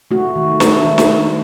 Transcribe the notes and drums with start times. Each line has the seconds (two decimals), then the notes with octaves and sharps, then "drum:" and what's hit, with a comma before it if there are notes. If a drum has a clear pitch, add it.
0.11 A3 F#4
0.36 D#3
0.60 A3, drum: snare
0.84 D#3
0.98 drum: snare
1.09 A3